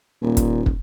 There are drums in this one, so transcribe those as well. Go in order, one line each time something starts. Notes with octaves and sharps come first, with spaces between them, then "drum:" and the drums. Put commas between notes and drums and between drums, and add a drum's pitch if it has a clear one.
D#1 A#2
drum: kick, hi-hat
drum: kick